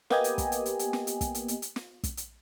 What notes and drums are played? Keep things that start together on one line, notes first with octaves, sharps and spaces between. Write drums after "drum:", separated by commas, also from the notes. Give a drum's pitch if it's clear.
A#3 B3 G4 D#5 G#5, drum: snare
drum: hi-hat
drum: kick, hi-hat
drum: hi-hat
drum: hi-hat
drum: hi-hat
drum: snare
drum: hi-hat
drum: kick, hi-hat
drum: hi-hat
drum: hi-hat
drum: hi-hat
drum: snare
drum: kick, hi-hat
drum: hi-hat